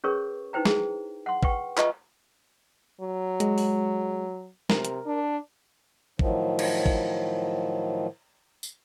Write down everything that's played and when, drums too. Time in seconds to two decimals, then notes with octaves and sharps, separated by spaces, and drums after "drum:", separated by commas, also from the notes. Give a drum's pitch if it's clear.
0.04 C#4 G#4 A#4 B4 C#5 C#6
0.53 D#4 E4 B4 C5 G5 A#5
0.65 G#4, drum: snare
1.26 F#5 C6
1.43 B4 F#5 G5 C#6, drum: kick G#1
1.77 F4 B4 D#5 E5 A5 C#6, drum: clap
3.01 F#3
3.40 G#3, drum: hi-hat
3.58 drum: open hi-hat
4.70 C3 A#4, drum: snare
4.85 drum: hi-hat
5.06 D4
6.19 A2 D#3 F3 F#3, drum: kick G#1
6.59 drum: cymbal
6.86 drum: kick G#1
8.63 drum: tambourine